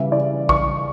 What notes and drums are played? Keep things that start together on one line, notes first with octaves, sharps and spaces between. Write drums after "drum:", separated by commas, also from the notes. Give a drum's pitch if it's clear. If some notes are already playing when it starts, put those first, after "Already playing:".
Already playing: C#3 E3 G3 E5
D5
C#6, drum: kick